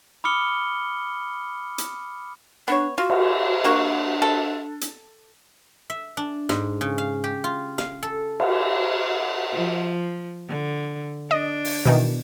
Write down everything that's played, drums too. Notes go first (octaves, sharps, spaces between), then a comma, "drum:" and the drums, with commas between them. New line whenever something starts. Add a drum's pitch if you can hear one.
B5 D6 D#6 F6 C#7 G7
drum: hi-hat
B3 D4 C#5
F4 F#4
drum: cymbal
A#3 D4 F#4
A4
drum: hi-hat
E5
D4
G#2, drum: snare
C#3
F5
G4
F4
F5, drum: snare
A4
drum: cymbal
F3
D3
D4 D#5
drum: open hi-hat
B2 D#3 E3